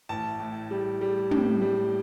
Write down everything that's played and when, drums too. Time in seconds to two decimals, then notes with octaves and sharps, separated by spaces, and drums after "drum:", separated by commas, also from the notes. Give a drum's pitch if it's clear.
0.09 A1 A5
0.40 A2
0.71 G3
1.01 G3
1.31 A2, drum: tom
1.62 G3